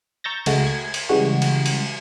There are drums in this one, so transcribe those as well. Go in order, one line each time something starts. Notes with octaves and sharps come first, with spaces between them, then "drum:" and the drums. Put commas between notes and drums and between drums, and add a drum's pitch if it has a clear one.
A#5 C#6 E6 G6 A6 A#6
C#2 G#3 A3 F#4 A6 A#6, drum: cymbal
G#6
drum: cymbal
C#3 E3 G3 G#3 F#4
drum: cymbal
drum: cymbal